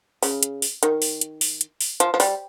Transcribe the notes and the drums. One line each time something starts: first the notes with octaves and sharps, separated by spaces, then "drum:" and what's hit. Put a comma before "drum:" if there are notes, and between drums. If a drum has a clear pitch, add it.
C#3, drum: open hi-hat
drum: hi-hat
drum: open hi-hat
D#3, drum: hi-hat
drum: open hi-hat
drum: hi-hat
drum: open hi-hat
drum: hi-hat
drum: open hi-hat
F3, drum: hi-hat
F3
G3, drum: open hi-hat